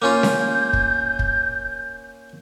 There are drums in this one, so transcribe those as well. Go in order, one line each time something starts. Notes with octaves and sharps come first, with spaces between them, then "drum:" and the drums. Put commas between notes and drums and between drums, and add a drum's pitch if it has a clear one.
A#3 C#4 F4 G6
drum: snare C#4
drum: kick
drum: kick